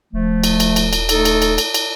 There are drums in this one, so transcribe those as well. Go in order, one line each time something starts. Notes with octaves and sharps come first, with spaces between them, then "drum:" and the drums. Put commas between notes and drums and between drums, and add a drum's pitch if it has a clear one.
D#1 F3 A3
drum: cymbal
drum: cymbal
drum: cymbal
drum: cymbal
A3 D#4 A4, drum: cymbal
drum: cymbal
drum: cymbal
drum: cymbal
drum: cymbal